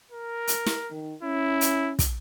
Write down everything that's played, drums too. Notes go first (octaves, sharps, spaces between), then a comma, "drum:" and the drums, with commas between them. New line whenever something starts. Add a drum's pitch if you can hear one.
A#4
drum: hi-hat
drum: snare
D#3
C#4 E4
drum: hi-hat
drum: kick, hi-hat